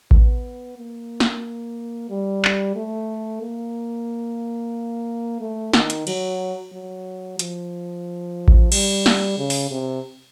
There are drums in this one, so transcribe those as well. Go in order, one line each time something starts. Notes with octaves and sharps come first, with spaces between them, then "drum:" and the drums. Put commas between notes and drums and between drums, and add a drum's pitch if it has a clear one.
B3, drum: kick A1
A#3
drum: snare
G3
drum: clap
A3
A#3
A3
D#3, drum: snare
drum: hi-hat
F#3, drum: cymbal
F#3
F3, drum: hi-hat
drum: kick A1
G3, drum: cymbal
drum: snare
C#3
drum: open hi-hat
C3